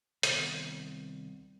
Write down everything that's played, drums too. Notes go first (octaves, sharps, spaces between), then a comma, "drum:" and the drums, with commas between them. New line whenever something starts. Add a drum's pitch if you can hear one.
C2 D#3 B3, drum: hi-hat